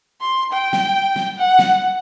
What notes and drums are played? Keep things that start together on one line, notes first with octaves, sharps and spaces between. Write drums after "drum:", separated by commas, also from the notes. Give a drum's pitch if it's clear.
C6
G5
drum: snare
drum: snare
F#5
drum: snare